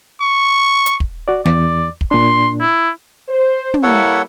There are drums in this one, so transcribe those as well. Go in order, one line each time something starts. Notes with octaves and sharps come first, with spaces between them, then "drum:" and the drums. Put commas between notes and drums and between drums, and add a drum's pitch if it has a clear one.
C#6
drum: hi-hat
drum: kick
F#4 D5
E2 D5, drum: snare
drum: kick
A#2 D4 C6
E4
C5
drum: tom
G3 A#3 E4 A4 C#5 F#5